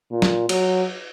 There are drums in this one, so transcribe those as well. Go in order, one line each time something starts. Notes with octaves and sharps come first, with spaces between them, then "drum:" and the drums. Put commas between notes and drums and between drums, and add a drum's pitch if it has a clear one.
A#2
drum: snare
F#3, drum: cymbal